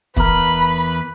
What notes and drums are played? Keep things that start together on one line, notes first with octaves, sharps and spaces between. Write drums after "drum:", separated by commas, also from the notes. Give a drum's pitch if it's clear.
E2 A#4 B4 B5, drum: kick